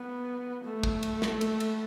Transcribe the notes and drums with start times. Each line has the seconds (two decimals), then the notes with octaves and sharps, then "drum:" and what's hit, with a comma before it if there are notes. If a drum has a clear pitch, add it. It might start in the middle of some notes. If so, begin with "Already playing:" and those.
Already playing: B3
0.64 A3
0.83 drum: kick
1.03 drum: cymbal
1.22 drum: snare
1.41 drum: cymbal
1.60 drum: cymbal